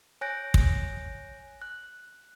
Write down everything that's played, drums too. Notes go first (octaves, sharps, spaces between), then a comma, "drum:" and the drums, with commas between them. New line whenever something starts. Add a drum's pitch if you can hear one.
C#5 G#5 F#6 G6 A#6 D7
drum: kick
F#6